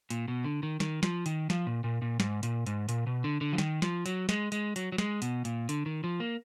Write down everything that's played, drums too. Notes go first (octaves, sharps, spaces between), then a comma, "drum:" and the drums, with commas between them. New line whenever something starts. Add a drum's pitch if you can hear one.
A#2, drum: hi-hat
B2
D3
D#3
D#3, drum: snare
F3, drum: snare
D#3, drum: hi-hat
F3, drum: snare
A#2
A#2
A#2
G#2, drum: snare
A#2, drum: hi-hat
G#2, drum: hi-hat
A#2, drum: hi-hat
B2
D3
D3
F3
D#3, drum: snare
F3, drum: snare
F#3, drum: hi-hat
G#3, drum: snare
G#3, drum: hi-hat
F#3, drum: hi-hat
F#3
G#3, drum: snare
B2, drum: hi-hat
A#2, drum: hi-hat
D3, drum: hi-hat
D#3
F3
A#3